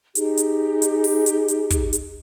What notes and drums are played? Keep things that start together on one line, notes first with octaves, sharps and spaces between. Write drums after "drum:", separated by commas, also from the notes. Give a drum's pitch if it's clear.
D#4 G4 G#4, drum: hi-hat
drum: hi-hat
drum: hi-hat
drum: open hi-hat
drum: hi-hat
drum: hi-hat
drum: kick, hi-hat
drum: hi-hat